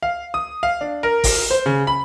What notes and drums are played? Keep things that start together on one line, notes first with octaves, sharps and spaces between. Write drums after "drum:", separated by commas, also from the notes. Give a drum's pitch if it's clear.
F5
D#6
F5
D4
A#4
drum: kick, open hi-hat
C5
C#3
B5